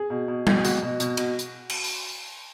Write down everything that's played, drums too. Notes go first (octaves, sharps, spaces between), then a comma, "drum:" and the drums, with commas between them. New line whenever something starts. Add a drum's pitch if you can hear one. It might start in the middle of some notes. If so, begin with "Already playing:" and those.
Already playing: G#4
B2
B2
B2, drum: tom G3
B2 F#4, drum: hi-hat
B2
B2, drum: hi-hat
B2, drum: cymbal
drum: hi-hat
drum: cymbal
drum: open hi-hat